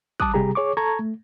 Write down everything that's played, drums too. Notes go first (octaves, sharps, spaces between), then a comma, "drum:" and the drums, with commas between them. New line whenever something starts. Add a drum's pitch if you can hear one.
G3 A5 D6 D#6 F#6, drum: kick
C3 G3 G4 G#4 A#5
G#4 C#5 C#6 D6
A4 A5 A#5 C#6 G#6
A3